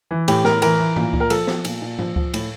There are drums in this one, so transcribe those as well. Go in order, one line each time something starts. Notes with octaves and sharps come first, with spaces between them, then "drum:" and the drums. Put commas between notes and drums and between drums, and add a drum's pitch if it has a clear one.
E3
A2 G4, drum: cymbal
A2 A#4, drum: snare
E3 A#4, drum: cymbal
E3
A#2, drum: tom
A#2, drum: kick C#2
A#4
F3 A4, drum: cymbal
F3, drum: snare
A#2, drum: cymbal
A#2
F3, drum: tom
F3, drum: kick C#2
A2, drum: cymbal